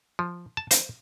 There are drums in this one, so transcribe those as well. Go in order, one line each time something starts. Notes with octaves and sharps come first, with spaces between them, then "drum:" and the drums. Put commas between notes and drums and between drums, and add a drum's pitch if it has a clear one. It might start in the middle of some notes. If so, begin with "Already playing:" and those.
F3
A5
C5, drum: hi-hat